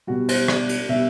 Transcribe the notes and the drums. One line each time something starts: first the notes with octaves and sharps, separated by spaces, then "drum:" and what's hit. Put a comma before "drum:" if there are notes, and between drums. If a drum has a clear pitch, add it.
B2 G3 F#4
C5, drum: cymbal
D5, drum: rim click
drum: cymbal
B2 G3 E5